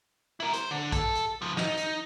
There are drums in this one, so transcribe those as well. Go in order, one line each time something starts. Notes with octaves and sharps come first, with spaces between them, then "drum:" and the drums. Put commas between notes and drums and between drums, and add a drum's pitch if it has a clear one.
E4 A#4
C5, drum: hi-hat
D3
A4, drum: kick, hi-hat
drum: hi-hat
C#3 F3
D#4, drum: snare
drum: hi-hat